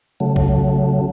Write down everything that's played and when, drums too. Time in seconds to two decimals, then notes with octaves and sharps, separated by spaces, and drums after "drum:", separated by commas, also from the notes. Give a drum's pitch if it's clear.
0.20 C#3 F#3 A3
0.36 drum: kick B1